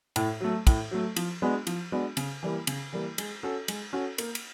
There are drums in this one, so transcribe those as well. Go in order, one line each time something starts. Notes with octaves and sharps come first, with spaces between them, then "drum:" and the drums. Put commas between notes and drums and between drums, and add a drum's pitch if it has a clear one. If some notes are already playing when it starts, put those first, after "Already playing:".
A2, drum: cymbal
F#3 A3
A2, drum: kick, cymbal
F#3 A3
F3, drum: cymbal
G#3 B3 D4 F#4
F3, drum: cymbal
G#3 B3 D4 F#4
C#3, drum: cymbal
E3 G3 A#3
C#3, drum: cymbal
E3 G3 A#3
G#3, drum: cymbal
C#4 F#4 A4
G#3, drum: cymbal
C#4 F#4 A4
A#3, drum: cymbal
drum: cymbal